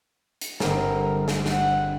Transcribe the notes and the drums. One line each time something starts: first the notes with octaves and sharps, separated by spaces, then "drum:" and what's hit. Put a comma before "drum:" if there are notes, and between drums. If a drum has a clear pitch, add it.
drum: hi-hat
G1 C4 A#4, drum: snare
drum: snare
F#5, drum: snare